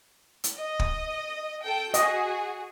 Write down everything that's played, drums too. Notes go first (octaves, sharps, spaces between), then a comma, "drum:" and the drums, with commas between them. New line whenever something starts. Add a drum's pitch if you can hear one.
drum: hi-hat
D#5
drum: kick
A4 G5
F#4 G#4 D#5, drum: hi-hat